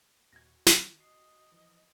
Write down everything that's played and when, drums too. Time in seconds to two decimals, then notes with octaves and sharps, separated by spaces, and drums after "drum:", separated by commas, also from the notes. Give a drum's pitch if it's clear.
0.33 D#2 A#2 F#4 G#6 A#6
0.66 D#3, drum: snare
1.00 D#5 C7
1.52 E3 F3